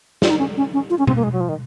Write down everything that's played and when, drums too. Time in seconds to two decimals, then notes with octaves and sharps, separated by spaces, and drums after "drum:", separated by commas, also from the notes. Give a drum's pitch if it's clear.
0.22 F4, drum: snare
0.30 D#4
0.39 C#4
0.57 C#4
0.73 C#4
0.90 F4
0.99 C#4
1.07 C4, drum: tom B2
1.16 A#3
1.24 G#3
1.32 F#3
1.40 F3
1.49 D#3